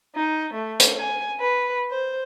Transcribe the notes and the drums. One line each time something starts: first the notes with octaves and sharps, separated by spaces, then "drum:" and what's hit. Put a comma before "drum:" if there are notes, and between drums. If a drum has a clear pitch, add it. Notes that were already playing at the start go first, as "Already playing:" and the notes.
D#4
A3
drum: hi-hat
G#5
B4
C5